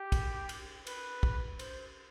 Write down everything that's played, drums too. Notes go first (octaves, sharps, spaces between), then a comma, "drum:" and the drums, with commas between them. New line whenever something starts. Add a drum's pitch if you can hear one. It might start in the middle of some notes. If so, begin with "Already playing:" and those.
Already playing: G4
drum: kick, cymbal
drum: cymbal
B4, drum: cymbal
drum: kick
C5, drum: cymbal